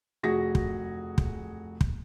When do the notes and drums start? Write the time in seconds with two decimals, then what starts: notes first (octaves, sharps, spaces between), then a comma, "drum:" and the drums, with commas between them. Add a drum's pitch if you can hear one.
0.23 F1 F#4 G#4 A#6
0.55 drum: kick
1.18 drum: kick
1.81 drum: kick